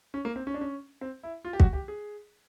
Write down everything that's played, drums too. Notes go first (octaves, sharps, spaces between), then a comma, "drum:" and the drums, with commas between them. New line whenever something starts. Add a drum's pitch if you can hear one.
C#4
A#3
C4
C#4
D4
C#4
C4
E4
F4
G4
F#4, drum: kick
G4
G#4